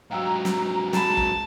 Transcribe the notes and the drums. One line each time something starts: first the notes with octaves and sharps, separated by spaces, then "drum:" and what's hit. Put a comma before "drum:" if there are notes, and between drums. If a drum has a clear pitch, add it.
G#2 F#3 F5 G5 A#5 E6
drum: snare
G#4 A5 B5, drum: snare
drum: kick